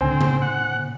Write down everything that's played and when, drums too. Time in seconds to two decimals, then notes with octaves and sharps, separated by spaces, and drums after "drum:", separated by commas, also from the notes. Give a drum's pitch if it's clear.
0.01 C#2 A2 D3 C4 C5 G#5
0.21 A2, drum: tom C#3
0.42 F#5